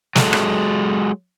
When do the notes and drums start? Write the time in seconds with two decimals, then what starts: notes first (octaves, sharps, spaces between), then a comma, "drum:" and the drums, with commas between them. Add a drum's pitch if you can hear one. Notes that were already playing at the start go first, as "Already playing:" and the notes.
0.16 F#3 G#3 A4, drum: snare
0.33 drum: rim click